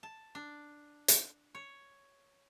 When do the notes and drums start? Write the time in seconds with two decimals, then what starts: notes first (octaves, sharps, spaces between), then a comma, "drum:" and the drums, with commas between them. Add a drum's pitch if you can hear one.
0.03 A5
0.35 D4
1.08 drum: hi-hat
1.55 C#5